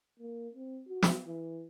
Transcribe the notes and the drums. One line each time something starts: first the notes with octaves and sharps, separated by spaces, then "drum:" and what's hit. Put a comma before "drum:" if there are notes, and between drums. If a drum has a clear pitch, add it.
A#3
C4
F#4
drum: snare
E3